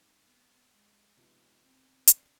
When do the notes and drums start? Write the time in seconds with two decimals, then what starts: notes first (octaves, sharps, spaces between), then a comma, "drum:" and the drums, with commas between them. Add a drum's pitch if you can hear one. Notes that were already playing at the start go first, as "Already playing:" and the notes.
Already playing: G#2 G3 C4 D#4
0.26 B3
0.71 G#3
1.17 C3 F3 G#3 B3 D#4
1.63 C4
2.07 D4, drum: hi-hat